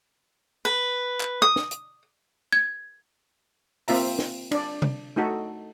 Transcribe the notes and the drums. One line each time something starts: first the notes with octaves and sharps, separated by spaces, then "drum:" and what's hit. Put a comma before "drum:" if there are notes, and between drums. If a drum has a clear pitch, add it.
B4
drum: clap
D#6
drum: snare
drum: hi-hat
G#6
A#3 C4 F4 E5 A#5, drum: open hi-hat
drum: snare
D4 D5, drum: cymbal
drum: tom C3
A3 D#4 F#4 A4